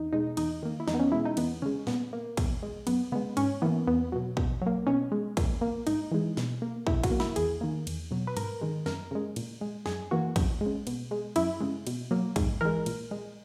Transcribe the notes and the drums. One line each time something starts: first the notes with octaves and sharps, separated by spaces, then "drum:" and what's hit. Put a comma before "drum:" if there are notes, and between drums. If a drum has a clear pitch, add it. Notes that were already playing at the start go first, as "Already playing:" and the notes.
Already playing: E2 D#4
B2 G#3 D#4
E2 D#4, drum: cymbal
D#3 A#3
E4
E2 D#4, drum: snare
B3
C#4
B2 G#3 E4
D#4
E2 B3, drum: cymbal
C#3 G#3 C#4
A#2 B3, drum: snare
A#3
B2, drum: kick, cymbal
G#3
F#2 B3, drum: cymbal
C#3 G#3 B3
G#2 C#4, drum: cymbal
E3 A#3 B3
E2 B3
B2 F#3
B2, drum: kick
F#3 A#3
B2 C#4
G#3
A#2, drum: kick, cymbal
A#3
G#2 D#4, drum: cymbal
E3 G#3
B2, drum: snare
A#3
B2 E4, drum: kick
F#4, drum: kick, cymbal
A#3
E4, drum: snare
E2 G#4, drum: cymbal
D#3 A#3
E2, drum: cymbal
B2 F#3
B4
G#2 A#4, drum: cymbal
D#3 G#3
F#2 A#4, drum: snare
C#3 G#3
A#2, drum: cymbal
G#3
F#2 G#4, drum: snare
E3 A#3 F#4
F#2, drum: kick, cymbal
G#3
C#3
B2, drum: cymbal
G#3
F#2 E4, drum: cymbal
C#3 G#3
B2, drum: cymbal
F#3 A#3
G#2, drum: kick, cymbal
E3 G#3 A#4
A#2, drum: cymbal
G#3